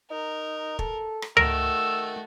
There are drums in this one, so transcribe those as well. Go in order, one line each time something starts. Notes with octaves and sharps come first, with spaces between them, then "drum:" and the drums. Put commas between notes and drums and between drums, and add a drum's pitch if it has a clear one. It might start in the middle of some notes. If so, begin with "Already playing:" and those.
D#4 A#4
A4, drum: kick
drum: rim click
D#3 A3 F#4 A#4 E6, drum: tom C#2